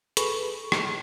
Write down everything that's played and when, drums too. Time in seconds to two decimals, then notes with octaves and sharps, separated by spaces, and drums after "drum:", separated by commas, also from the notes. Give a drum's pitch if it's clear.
0.17 G#4 A4 B4 B5 C#6, drum: hi-hat
0.72 drum: rim click